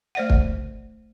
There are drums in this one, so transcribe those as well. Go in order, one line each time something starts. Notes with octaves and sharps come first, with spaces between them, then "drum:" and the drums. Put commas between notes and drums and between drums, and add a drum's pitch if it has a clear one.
A3 C5 D5 E5 F#5
drum: kick